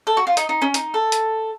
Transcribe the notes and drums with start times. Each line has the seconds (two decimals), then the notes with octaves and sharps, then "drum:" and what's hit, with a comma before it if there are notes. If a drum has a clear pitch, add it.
0.07 A4
0.17 F#4
0.27 F4
0.37 D#4, drum: hi-hat
0.49 D#4
0.62 C#4
0.74 D#4, drum: hi-hat
0.94 A4
1.12 drum: hi-hat